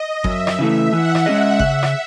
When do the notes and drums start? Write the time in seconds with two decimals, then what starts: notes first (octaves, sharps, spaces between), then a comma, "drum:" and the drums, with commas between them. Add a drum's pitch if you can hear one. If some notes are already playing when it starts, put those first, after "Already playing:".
Already playing: D#5
0.24 F#2 E5, drum: kick G1
0.47 drum: rim click
0.59 C#3 E3 A3
0.92 E3 F#5
1.15 drum: rim click
1.26 G#3 C#4 G#4 D#5 E5
1.59 C#3 E5, drum: kick G1
1.83 drum: rim click